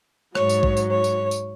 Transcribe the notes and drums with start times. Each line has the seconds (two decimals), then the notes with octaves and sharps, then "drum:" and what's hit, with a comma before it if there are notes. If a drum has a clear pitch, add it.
0.35 G#2 F#3 C#5, drum: rim click
0.49 drum: tambourine
0.63 drum: kick A#1
0.77 drum: tambourine
0.91 C#5
1.04 drum: tambourine
1.31 drum: tambourine